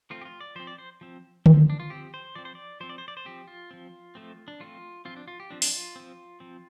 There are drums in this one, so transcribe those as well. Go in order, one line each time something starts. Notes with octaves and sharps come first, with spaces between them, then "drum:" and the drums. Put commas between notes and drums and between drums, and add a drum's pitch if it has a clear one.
F3 A3 C4 F4
G4
F4
D5
F3 C4 C5
D5
C5
F3 C4
F3 C4, drum: tom D3
D4
F4
F3 C4 G4
C5
F3 C4 D5
C5
D5
F3 C4 C5
D5
C5
D5
C5
F3 C4 G4
F4
F3 C4
F3 A3 C4
D4
F3 A3 C4 F4
F3 C4 F4
D4
F4
G4
F3 C4 D4
D4, drum: open hi-hat
F4
F3 C4
F3 C4